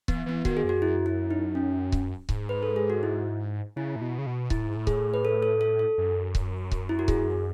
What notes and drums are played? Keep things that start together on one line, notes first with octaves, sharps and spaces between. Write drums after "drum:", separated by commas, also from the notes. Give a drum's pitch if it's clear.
E3 B3, drum: kick C#1
E3 B3
D#3 F#4, drum: kick C#1
G#4
F#2
F#4
E4
E4
D#4
C#4
drum: kick C#1
G#2, drum: kick C#1
B4
A4
G#4
F#4
E4
C#3 E4
A2
B2
C#3
B2
A2 E4, drum: kick C#1
G#2
A2
G#4, drum: kick C#1
B4
A4
A4
A4
A4
F#2
drum: kick C#1
drum: kick C#1
E4
F#4
G#4, drum: kick C#1